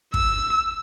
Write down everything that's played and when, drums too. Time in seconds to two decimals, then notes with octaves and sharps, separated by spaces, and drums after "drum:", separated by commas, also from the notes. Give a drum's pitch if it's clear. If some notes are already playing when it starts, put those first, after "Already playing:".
0.14 E6, drum: kick